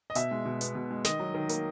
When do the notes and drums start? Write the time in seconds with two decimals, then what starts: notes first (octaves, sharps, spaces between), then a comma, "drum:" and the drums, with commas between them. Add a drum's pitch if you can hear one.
0.10 D#5
0.15 B2 E5, drum: hi-hat
0.31 G#3
0.45 B2
0.61 B3, drum: hi-hat
0.75 B2
0.90 G#3
1.05 D#3 D#5, drum: snare
1.20 F#3
1.34 D#3
1.49 A#3, drum: hi-hat